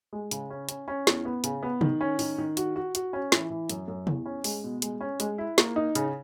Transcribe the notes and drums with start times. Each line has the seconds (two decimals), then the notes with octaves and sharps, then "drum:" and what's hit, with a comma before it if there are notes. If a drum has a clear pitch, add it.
0.13 G#3
0.31 C#3, drum: hi-hat
0.50 C#4
0.69 C#4, drum: hi-hat
0.88 C#4
1.07 E2, drum: snare
1.25 B3
1.44 C#3, drum: hi-hat
1.63 B3
1.81 D#3, drum: tom C3
2.01 C#4
2.19 D#3, drum: open hi-hat
2.38 D#3
2.57 F#4, drum: hi-hat
2.76 F#4
2.95 F#4, drum: hi-hat
3.13 C#4
3.32 E3, drum: snare
3.50 E3
3.70 F#2, drum: hi-hat
3.88 F#2
4.07 E2, drum: tom C3
4.26 C#4
4.44 G#3, drum: open hi-hat
4.64 B2
4.82 G#3, drum: hi-hat
5.01 C#4
5.20 G#3, drum: hi-hat
5.38 E4
5.58 A#3, drum: snare
5.76 D#4
5.95 C#3, drum: hi-hat